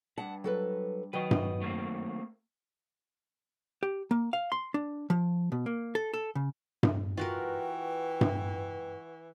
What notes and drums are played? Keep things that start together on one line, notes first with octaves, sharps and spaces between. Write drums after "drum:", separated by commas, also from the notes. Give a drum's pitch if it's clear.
G2 F#5 A5
F#3 A4 B4
D#3 F#3 B4 D#5
drum: tom G2
A3 A#3 C4
G4
A#3
F5
C6
D4
F3
B2
A#3
A4
A4
C#3
drum: tom G2
E3 F4 F#4 A#4 B4 F#5 G5 C#6
drum: tom G2